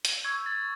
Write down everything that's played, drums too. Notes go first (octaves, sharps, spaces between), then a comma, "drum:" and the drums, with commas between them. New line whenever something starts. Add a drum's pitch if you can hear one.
drum: hi-hat
C#6 E6 G6 G#6
A6